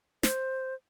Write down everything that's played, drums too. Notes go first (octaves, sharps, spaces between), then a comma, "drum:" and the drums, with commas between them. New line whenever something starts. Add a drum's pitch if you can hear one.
C5, drum: snare